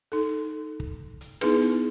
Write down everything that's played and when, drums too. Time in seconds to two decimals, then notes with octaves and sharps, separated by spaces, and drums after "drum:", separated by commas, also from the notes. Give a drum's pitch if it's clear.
0.12 D#4 A4
0.80 drum: kick
1.21 drum: hi-hat
1.41 B3 D#4 E4 G#4 B4, drum: rim click
1.62 drum: hi-hat